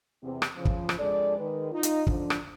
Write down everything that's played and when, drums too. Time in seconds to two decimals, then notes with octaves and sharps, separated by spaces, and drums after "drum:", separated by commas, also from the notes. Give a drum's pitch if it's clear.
0.23 E2 C3 C4
0.42 drum: rim click
0.56 C#3 F3
0.65 drum: kick
0.89 drum: rim click
0.99 F2 G#3 D4 A4 D5
1.38 D#3 G#3 B4
1.72 D#4 F4
1.83 drum: hi-hat
2.07 D3 F3 D4, drum: kick
2.30 drum: rim click